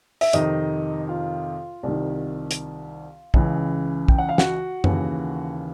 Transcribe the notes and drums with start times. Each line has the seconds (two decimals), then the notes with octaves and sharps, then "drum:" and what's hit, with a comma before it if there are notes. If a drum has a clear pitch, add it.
0.21 E5, drum: open hi-hat
0.33 F2 C3 D#3 D#4 D#5, drum: hi-hat
1.09 F4 F5
1.83 C2 C3 D#3
2.51 drum: hi-hat
3.34 C#2 C#3 E3, drum: kick
4.08 G5, drum: kick
4.18 F#5
4.29 F5
4.38 F#4 F#5, drum: snare
4.84 D#2 C#3 E3, drum: tom F#2